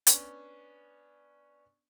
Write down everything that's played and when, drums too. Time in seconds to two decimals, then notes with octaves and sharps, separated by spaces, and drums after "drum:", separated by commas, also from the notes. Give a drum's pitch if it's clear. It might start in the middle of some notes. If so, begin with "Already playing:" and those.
0.07 B3 C#4 D4, drum: hi-hat